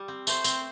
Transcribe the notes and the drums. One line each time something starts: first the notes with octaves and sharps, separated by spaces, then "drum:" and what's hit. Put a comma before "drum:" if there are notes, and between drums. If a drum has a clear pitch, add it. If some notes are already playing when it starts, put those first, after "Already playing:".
Already playing: G3
C4
A3 C5, drum: tambourine
C4, drum: tambourine